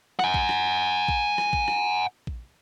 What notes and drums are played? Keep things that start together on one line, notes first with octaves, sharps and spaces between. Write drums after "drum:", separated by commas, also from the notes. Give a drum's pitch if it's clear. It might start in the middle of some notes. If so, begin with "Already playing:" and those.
F#5 G#5, drum: rim click
drum: kick A#1
drum: rim click
drum: kick A#1
drum: rim click
drum: kick A#1
drum: rim click
drum: kick A#1